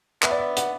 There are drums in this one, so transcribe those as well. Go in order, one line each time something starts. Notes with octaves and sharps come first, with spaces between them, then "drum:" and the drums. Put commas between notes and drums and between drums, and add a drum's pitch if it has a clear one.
B3 E5, drum: clap
D5
E5
F#5, drum: hi-hat